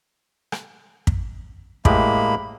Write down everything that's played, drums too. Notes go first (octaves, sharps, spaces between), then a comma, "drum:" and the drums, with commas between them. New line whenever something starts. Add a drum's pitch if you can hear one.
drum: rim click
drum: kick
A2 G#3 A#3 G4 B5, drum: kick